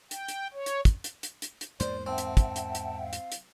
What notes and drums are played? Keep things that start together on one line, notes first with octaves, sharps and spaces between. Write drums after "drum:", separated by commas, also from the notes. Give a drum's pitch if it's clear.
G5, drum: hi-hat
drum: hi-hat
C#5
drum: hi-hat
drum: kick, hi-hat
drum: hi-hat
drum: hi-hat
drum: hi-hat
drum: hi-hat
E2 G#2 A#3 C5 D5, drum: hi-hat
C4 E5 F#5 G5 A5
drum: hi-hat
drum: kick, hi-hat
drum: hi-hat
drum: hi-hat
F5
drum: hi-hat
drum: hi-hat